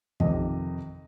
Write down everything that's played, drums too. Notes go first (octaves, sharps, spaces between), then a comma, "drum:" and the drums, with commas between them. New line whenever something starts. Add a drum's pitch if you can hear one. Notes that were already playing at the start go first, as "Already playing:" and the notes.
F2 C3 D#3 D#5, drum: kick